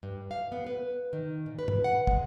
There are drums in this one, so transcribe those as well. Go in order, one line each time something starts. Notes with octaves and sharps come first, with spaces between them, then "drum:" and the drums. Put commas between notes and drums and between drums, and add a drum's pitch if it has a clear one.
G2
F5
B3
B4
D#3
A#2
B4
drum: tom G2
F#5
G#3, drum: kick